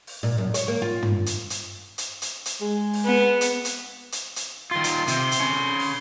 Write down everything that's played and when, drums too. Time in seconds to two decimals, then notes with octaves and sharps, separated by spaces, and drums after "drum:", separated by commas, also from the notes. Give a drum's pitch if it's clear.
0.07 drum: open hi-hat
0.23 A#2
0.38 F#2
0.54 C#5, drum: hi-hat
0.68 A#3
0.82 F4
1.03 drum: tom
1.26 drum: hi-hat
1.50 drum: hi-hat
1.98 drum: hi-hat
2.22 drum: hi-hat
2.46 drum: hi-hat
2.61 G#3
2.93 drum: open hi-hat
3.05 B3
3.41 drum: hi-hat
3.65 drum: hi-hat
4.12 drum: hi-hat
4.36 drum: hi-hat
4.71 D#3 F4 C6
4.84 drum: hi-hat
5.08 C3, drum: hi-hat
5.32 drum: hi-hat
5.41 C#4 B5
5.79 drum: open hi-hat